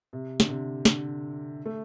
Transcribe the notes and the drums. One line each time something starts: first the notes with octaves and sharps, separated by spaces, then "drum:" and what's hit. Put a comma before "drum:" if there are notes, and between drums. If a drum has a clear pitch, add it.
C3
D3, drum: snare
C3
D3, drum: snare
A3